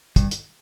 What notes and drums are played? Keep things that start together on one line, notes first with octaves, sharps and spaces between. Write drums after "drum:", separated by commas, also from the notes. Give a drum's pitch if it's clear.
G2, drum: kick, hi-hat
drum: hi-hat